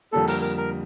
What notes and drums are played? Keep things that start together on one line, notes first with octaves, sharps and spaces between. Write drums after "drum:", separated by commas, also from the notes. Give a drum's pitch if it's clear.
F2 D3 G3 A#3 A4
A#4, drum: open hi-hat
A#4
A#4